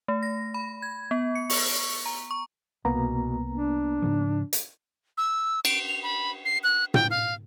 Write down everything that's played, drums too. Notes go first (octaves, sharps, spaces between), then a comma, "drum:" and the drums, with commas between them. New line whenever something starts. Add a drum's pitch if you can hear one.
A3
A#6
B5
G#6
B3
C#7
C#6, drum: open hi-hat
A#5
C#6
C2 B2 A#3 B3 A#5
D4
G#2 C#3 F3
drum: hi-hat
E6
D7, drum: cymbal
F7
B5
C7
F#6
G5, drum: tom
F5